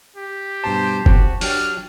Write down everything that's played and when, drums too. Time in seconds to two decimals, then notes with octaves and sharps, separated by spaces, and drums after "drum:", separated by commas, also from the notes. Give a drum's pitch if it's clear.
0.16 G4
0.64 G2 B2 C5 A5 A#5
1.06 C4 F#4, drum: kick F#1
1.41 F#3 D4 G4 G5 F6, drum: open hi-hat